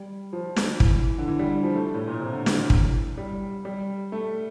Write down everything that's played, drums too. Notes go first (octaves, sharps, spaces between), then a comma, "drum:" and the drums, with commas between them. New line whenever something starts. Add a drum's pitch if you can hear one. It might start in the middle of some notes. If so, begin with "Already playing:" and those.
Already playing: G3
F3
drum: snare
E3, drum: kick
D3
E3
G3
F3
A3
A2
A#2
C3
D3
E3, drum: snare
drum: kick
G3
G3
A3